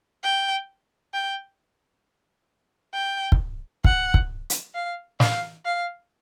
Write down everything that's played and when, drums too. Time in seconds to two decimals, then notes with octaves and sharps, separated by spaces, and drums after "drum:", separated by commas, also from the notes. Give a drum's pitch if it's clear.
0.24 G5
1.14 G5
2.94 G5
3.32 drum: kick
3.85 F#5, drum: kick
4.14 drum: kick
4.50 drum: hi-hat
4.75 F5
5.20 F5, drum: snare
5.65 F5